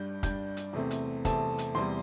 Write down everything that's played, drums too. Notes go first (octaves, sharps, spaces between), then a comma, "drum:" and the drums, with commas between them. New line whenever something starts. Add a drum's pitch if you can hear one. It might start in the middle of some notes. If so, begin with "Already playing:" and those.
Already playing: G2 G3 D4 G6
G2 G3 D4 G6, drum: kick, hi-hat
drum: hi-hat
E2 C3 A3 C4
drum: hi-hat
E2 C3 A3 C4 A5, drum: kick, hi-hat
drum: hi-hat
E2 C3 G3 C6